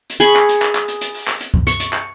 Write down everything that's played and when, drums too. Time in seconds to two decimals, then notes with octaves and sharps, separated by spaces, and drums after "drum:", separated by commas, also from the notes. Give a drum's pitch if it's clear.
0.10 drum: hi-hat
0.20 G#4 B5 C#6, drum: hi-hat
0.36 drum: clap
0.49 drum: hi-hat
0.62 drum: clap
0.75 drum: clap
0.88 drum: hi-hat
1.01 drum: hi-hat
1.14 drum: open hi-hat
1.28 drum: clap
1.41 drum: hi-hat
1.54 drum: kick C#2
1.67 C#6, drum: hi-hat
1.80 drum: hi-hat
1.93 drum: clap